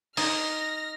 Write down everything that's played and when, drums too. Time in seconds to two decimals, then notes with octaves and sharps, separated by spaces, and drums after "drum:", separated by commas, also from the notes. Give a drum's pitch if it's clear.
0.17 D#4 F6 A#6, drum: open hi-hat